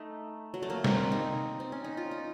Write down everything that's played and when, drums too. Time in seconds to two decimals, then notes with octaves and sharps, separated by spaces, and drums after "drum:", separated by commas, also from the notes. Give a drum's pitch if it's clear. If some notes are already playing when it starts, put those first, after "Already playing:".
Already playing: A3 D#4
0.54 F#3
0.63 A3
0.70 A#3
0.84 C4, drum: snare
1.12 D#4
1.60 C4
1.72 C#4
1.84 D#4
1.97 F4
2.11 D#4